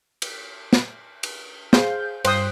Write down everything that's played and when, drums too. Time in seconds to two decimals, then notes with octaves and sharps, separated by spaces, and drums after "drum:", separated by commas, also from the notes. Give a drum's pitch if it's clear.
0.22 drum: cymbal
0.73 drum: snare
1.23 drum: cymbal
1.73 G#4 C5 F5 G6, drum: snare
2.25 G2 C5 G5 D#6 F#6, drum: cymbal